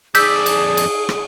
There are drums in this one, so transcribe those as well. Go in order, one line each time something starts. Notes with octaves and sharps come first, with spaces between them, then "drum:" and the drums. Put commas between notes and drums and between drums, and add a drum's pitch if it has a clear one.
F2 G#4 D5 E6 G6 B6, drum: cymbal
drum: cymbal
drum: cymbal
drum: rim click